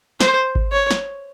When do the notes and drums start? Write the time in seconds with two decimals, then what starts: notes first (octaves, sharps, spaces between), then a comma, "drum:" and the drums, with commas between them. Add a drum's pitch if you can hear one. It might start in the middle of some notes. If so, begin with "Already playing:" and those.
0.20 C5, drum: snare
0.55 drum: kick G#1
0.72 C#5
0.91 drum: snare